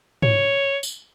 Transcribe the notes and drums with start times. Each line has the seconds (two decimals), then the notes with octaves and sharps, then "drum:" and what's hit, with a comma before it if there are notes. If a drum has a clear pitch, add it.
0.22 C#5, drum: tom
0.83 drum: tambourine